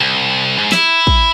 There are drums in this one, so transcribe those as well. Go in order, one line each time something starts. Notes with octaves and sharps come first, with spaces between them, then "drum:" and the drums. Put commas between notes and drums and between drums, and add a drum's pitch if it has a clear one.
C2
G#2
E4, drum: snare
drum: kick